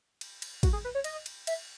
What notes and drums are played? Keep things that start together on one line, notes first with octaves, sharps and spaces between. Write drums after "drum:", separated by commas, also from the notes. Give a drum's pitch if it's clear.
drum: cymbal
drum: cymbal
F#4, drum: kick, cymbal
G#4
B4
C#5
D#5, drum: cymbal
drum: cymbal
E5, drum: cymbal